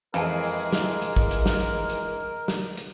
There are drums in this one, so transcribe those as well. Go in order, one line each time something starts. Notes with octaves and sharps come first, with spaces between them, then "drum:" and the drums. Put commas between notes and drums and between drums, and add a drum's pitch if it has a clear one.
F2 E3 G#3 E4 G#4 A#4, drum: hi-hat
drum: open hi-hat
drum: snare
drum: hi-hat
drum: kick
drum: hi-hat
drum: snare
drum: hi-hat
drum: hi-hat
drum: snare
drum: hi-hat